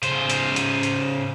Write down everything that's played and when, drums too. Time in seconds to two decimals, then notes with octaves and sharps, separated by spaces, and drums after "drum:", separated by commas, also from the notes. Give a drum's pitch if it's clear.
0.03 C#3 C5, drum: hi-hat
0.30 drum: hi-hat
0.56 drum: hi-hat
0.83 drum: hi-hat